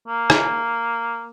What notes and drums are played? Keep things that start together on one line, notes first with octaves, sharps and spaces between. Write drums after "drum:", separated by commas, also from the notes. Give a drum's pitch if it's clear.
A#3
drum: rim click